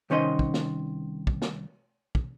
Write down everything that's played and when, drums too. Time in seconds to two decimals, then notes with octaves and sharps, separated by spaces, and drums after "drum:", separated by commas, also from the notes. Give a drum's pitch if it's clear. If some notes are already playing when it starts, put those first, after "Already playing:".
0.10 C2 D#3 C#4 C5 D#5
0.39 drum: kick
0.54 drum: snare
1.27 drum: kick
1.42 drum: snare
2.15 drum: kick